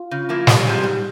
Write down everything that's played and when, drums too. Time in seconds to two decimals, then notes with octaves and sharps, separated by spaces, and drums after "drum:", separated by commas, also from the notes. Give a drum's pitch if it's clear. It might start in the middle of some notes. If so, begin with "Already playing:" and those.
Already playing: F4
0.11 C#3
0.29 F3 A#3 E4
0.47 F2 G3, drum: snare
0.65 C3 F3 G3 G#3
0.83 G#2 G3